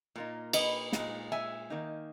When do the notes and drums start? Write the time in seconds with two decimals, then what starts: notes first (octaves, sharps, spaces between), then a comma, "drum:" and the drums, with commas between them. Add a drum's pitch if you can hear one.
0.16 A#2 A#3 D#4
0.53 B4 D#5, drum: cymbal
0.93 A#2 G#3 D#4, drum: snare
1.32 E5 G#5
1.70 D#3 A#3 D#4